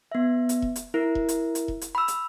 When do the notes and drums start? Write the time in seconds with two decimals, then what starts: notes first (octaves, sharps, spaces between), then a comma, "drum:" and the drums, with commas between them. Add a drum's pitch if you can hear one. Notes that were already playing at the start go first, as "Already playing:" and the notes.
0.12 B3 E5
0.49 drum: hi-hat
0.62 drum: kick E1
0.76 drum: hi-hat
0.94 E4 A#4
1.15 drum: kick E1
1.29 drum: hi-hat
1.55 drum: hi-hat
1.68 drum: kick E1
1.81 drum: hi-hat
1.95 B5 E6
2.08 drum: hi-hat